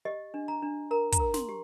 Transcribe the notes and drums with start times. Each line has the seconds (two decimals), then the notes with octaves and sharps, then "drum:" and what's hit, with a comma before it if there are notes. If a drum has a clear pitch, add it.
0.05 G4 D#5
0.34 D4
0.48 A#5
0.62 D4
0.91 A#4 A#5
1.12 A#5, drum: kick, hi-hat
1.20 A#4
1.34 C6, drum: snare
1.49 G4